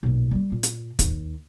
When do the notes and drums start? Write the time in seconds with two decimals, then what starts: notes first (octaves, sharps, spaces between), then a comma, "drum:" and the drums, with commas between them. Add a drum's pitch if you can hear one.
0.03 B1 A#2
0.31 G3 A#3
0.52 A#2
0.63 drum: hi-hat
0.99 D#2, drum: kick, hi-hat